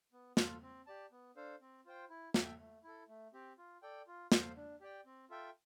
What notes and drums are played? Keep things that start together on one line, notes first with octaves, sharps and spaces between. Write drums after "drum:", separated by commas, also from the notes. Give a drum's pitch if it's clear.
B3
F4 A4, drum: snare
C4
G4 D5 A5
B3
D4 A4 C5 F5
C4
F4 C5 G5
E4
A4 E5 G5, drum: snare
A3
E4 A4
A3
C4 G4
F4
A4 D5 G5
F4
A4 C5 F5, drum: snare
D4
G4 D5 G5
C4
F4 A4 E5 G5